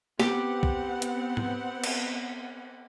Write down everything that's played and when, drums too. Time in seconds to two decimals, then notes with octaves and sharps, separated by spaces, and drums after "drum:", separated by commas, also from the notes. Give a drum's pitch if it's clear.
0.20 B3 C4 G4 F#5, drum: snare
0.63 drum: kick
1.02 drum: hi-hat
1.37 drum: tom G#2
1.84 drum: cymbal